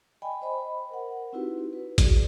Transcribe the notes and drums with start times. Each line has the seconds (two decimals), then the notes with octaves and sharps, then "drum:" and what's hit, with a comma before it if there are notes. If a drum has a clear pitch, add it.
0.22 D5 D#5 G5 G#5 B5
0.42 C5 D#5 B5
0.90 A#4 F#5
1.33 C4 D#4 E4 F#4 G4 B4
1.73 B4
1.98 F#4 G#4 D5, drum: kick A1, hi-hat